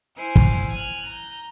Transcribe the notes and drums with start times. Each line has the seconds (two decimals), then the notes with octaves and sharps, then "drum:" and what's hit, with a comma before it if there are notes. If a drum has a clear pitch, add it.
0.16 E4 C5 G#5 F6
0.36 drum: kick
0.71 G#5 F6 F#6
1.08 A#5 G6